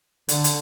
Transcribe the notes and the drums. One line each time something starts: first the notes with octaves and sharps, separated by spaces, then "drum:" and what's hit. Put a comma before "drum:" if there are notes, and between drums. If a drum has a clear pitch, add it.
D3, drum: hi-hat
drum: hi-hat